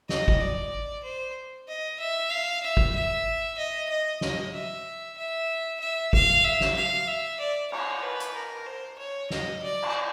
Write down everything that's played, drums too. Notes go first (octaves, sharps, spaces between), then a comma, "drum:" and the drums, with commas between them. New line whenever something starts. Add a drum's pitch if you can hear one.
D#5, drum: snare
drum: kick G#1
D5
C5
D#5
E5
F5
E5
drum: kick G#1
E5
D#5
D#5
D#5, drum: snare
E5
E5
E5
F5, drum: kick G#1
E5
drum: snare
F5
E5
D5
C#5, drum: cymbal
B4
drum: hi-hat
A#4
C5
C#5
D#5, drum: snare
D5
drum: cymbal